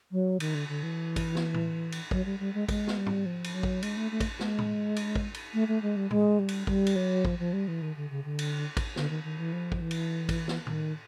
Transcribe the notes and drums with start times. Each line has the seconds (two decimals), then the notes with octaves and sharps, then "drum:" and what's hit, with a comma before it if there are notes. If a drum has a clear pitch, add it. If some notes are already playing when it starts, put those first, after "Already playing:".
0.12 F#3
0.40 D#3, drum: cymbal
0.55 D3
0.69 D3
0.83 E3
1.16 drum: kick, cymbal
1.35 drum: snare
1.54 drum: tom A2
1.92 drum: cymbal
2.11 F#3, drum: kick
2.25 G3
2.40 G3
2.54 G#3
2.69 G#3, drum: kick, cymbal
2.87 drum: snare
2.97 G3
3.06 drum: tom G#2
3.26 F3
3.44 drum: cymbal
3.54 F#3
3.63 drum: kick
3.83 G#3, drum: cymbal
3.97 A3
4.11 A3
4.20 drum: kick, cymbal
4.39 G#3, drum: snare
4.58 drum: tom A2
4.96 drum: cymbal
5.15 drum: kick
5.34 drum: cymbal
5.54 A3
5.68 A3
5.82 G#3
5.96 G3
6.11 G#3, drum: tom A2
6.39 G3
6.49 drum: cymbal
6.67 G3, drum: kick
6.87 drum: cymbal
6.96 F#3
7.25 F3, drum: kick
7.39 F3
7.53 G3
7.68 E3
7.82 D#3
7.96 D3
8.10 C#3
8.24 D3
8.39 drum: cymbal
8.77 drum: kick, cymbal
8.96 D3, drum: snare
9.10 D#3
9.24 D#3
9.38 E3
9.53 F3
9.72 drum: kick
9.81 E3
9.91 drum: cymbal
10.29 drum: kick, cymbal
10.48 drum: snare
10.67 D#3, drum: tom A2